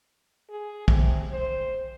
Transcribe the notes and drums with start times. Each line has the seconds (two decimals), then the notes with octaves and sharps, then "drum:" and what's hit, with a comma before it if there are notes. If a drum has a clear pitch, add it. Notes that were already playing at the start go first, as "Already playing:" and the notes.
0.50 G#4
0.88 C3, drum: kick
1.32 C5